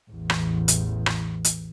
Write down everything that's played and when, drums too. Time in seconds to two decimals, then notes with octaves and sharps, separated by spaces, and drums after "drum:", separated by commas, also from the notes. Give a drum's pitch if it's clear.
0.10 A1 E2
0.30 drum: rim click
0.68 drum: hi-hat
1.06 drum: rim click
1.44 drum: hi-hat